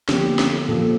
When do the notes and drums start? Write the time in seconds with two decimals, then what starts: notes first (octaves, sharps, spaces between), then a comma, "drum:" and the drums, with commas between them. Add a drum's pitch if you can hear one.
0.09 D3 F3 A#3 G4, drum: snare
0.39 drum: snare
0.69 A#2 F3 A#3 A4